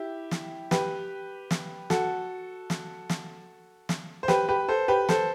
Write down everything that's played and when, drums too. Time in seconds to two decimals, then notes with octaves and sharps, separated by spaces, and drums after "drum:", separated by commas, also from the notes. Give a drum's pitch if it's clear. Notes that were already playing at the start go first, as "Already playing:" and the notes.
Already playing: E4 G4
0.31 drum: snare
0.71 G4 B4, drum: snare
1.51 drum: snare
1.90 F#4 A4, drum: snare
2.70 drum: snare
3.10 drum: snare
3.89 drum: snare
4.23 C5
4.28 G4 B4, drum: snare
4.49 G4 B4
4.68 A4 C5
4.88 G4 B4
5.09 A4 C5, drum: snare